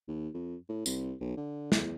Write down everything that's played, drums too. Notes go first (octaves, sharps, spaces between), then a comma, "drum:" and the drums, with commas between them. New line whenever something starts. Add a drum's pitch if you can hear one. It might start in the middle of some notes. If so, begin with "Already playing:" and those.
D#2
F2
A2
C2, drum: tambourine
B1
D3
E2, drum: snare